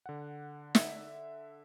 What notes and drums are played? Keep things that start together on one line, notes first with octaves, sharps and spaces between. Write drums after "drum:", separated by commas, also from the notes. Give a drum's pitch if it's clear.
D3 F#5
E5, drum: snare